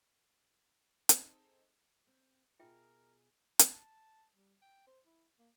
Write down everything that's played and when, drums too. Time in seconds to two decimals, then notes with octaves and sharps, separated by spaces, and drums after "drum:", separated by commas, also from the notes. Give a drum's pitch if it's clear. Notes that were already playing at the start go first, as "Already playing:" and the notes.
1.09 C4 D#4 G#4 A4 C5, drum: hi-hat
2.07 C4
2.59 B2 F4 G#4 A#4 D#5 E5 G5
3.59 A5, drum: hi-hat
4.35 G3
4.62 G5
4.87 C5
5.05 E4
5.39 A#3